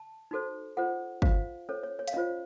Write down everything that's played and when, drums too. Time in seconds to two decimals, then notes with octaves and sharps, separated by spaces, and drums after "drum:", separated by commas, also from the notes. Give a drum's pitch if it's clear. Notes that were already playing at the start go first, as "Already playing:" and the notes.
Already playing: A5
0.31 D#4 F#4 A4 C5
0.77 F4 A4 C5 F#5
1.22 F4 C5 F5, drum: kick
1.69 C#4 A4 C5 C#5
1.84 C#5
1.99 C#5
2.08 F5, drum: hi-hat
2.13 C#4 F4 C5 D#5